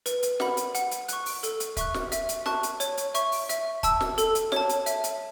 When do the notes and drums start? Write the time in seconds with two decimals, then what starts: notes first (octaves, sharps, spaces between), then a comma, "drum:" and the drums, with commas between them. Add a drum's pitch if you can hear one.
0.06 B4, drum: hi-hat
0.23 drum: hi-hat
0.40 F#5 B5, drum: snare
0.57 drum: hi-hat
0.75 F#5, drum: hi-hat
0.91 drum: hi-hat
1.08 C#6 F#6, drum: hi-hat
1.26 drum: open hi-hat
1.43 A4, drum: hi-hat
1.60 drum: hi-hat
1.77 E5 C#6 F#6, drum: kick, hi-hat
1.94 drum: snare
2.12 E5, drum: hi-hat
2.29 drum: hi-hat
2.46 A5 C#6 F#6, drum: snare
2.63 drum: hi-hat
2.80 C#5, drum: hi-hat
2.97 drum: hi-hat
3.14 E5 C#6, drum: hi-hat
3.32 drum: open hi-hat
3.49 E5, drum: hi-hat
3.83 A5 E6, drum: kick, hi-hat
4.01 drum: snare
4.18 A4, drum: hi-hat
4.35 drum: hi-hat
4.52 C#5 A5, drum: snare
4.69 drum: hi-hat
4.86 E5, drum: hi-hat
5.04 drum: hi-hat